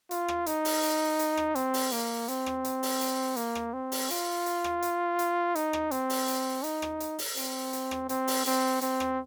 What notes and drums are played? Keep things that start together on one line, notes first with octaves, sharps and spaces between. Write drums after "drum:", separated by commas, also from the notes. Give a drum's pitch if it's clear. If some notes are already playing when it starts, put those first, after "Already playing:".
F4, drum: hi-hat
drum: rim click
D#4, drum: hi-hat
drum: open hi-hat
drum: hi-hat
drum: hi-hat
drum: rim click
C4, drum: hi-hat
drum: open hi-hat
A#3, drum: hi-hat
C4, drum: hi-hat
drum: rim click
drum: hi-hat
drum: open hi-hat
drum: hi-hat
A#3, drum: hi-hat
drum: rim click
C4
drum: open hi-hat
F4, drum: hi-hat
drum: hi-hat
drum: rim click
drum: hi-hat
drum: hi-hat
D#4, drum: hi-hat
drum: rim click
C4, drum: hi-hat
drum: open hi-hat
drum: hi-hat
D#4, drum: hi-hat
drum: rim click
drum: hi-hat
drum: open hi-hat
C4, drum: hi-hat
drum: hi-hat
drum: rim click
C4, drum: hi-hat
drum: open hi-hat
C4, drum: hi-hat
C4, drum: hi-hat
drum: rim click